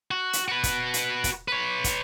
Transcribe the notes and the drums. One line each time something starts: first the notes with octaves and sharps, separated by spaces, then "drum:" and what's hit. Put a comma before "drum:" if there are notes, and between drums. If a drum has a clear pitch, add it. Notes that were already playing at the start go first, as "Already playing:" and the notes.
F#4
drum: hi-hat
F#4 B4
drum: kick, hi-hat
drum: hi-hat
drum: kick, hi-hat
B4 C#5
drum: kick, hi-hat